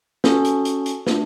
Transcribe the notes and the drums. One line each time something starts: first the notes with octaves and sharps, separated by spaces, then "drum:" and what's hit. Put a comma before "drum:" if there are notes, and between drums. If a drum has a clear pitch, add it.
C#4 F#4 A4, drum: snare
drum: hi-hat
drum: hi-hat
drum: hi-hat
A3 D4 F#4, drum: snare